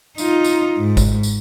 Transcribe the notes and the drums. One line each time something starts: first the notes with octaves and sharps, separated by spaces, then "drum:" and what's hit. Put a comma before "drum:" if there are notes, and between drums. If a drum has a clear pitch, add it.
D#4 F4, drum: tambourine
drum: tambourine
G#2
drum: kick G#1, tambourine
drum: tambourine